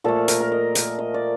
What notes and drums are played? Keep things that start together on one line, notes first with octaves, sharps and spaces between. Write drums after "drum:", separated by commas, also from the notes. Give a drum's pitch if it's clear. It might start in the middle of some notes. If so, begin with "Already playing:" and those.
A#2 F3 A3 A4
A#4, drum: hi-hat
A#4
D#5
drum: hi-hat
D#5
D5